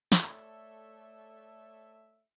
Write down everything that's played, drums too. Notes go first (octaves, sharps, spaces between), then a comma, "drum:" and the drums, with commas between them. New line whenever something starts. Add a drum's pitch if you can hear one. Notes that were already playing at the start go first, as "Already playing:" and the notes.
drum: snare
A3 A4 C#5 D5 E5